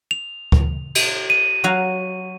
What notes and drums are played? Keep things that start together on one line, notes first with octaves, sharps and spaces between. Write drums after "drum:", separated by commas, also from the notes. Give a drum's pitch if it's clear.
F7
drum: kick D2
drum: cymbal
D#7
F#3 F#4 F5